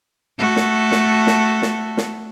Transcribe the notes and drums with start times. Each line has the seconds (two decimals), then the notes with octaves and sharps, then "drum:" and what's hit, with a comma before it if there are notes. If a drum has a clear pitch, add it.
0.39 A3 F#4 A4
0.56 drum: snare
0.92 drum: snare
1.27 drum: snare
1.62 drum: snare
1.97 drum: snare